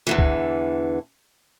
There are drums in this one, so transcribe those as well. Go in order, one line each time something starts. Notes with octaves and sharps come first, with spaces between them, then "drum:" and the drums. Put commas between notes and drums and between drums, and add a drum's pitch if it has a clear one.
E2 D3 E3
drum: kick C#2